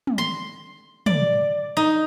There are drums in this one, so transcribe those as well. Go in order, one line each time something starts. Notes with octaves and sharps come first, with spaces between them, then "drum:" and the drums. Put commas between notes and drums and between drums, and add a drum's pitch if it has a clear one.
drum: tom
C6
D5, drum: tom
D#4